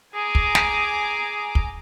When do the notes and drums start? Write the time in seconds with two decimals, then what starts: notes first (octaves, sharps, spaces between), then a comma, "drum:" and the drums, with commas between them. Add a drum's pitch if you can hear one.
0.15 G#4 G#5 A#5 D6
0.35 drum: kick
0.55 drum: snare
1.55 drum: kick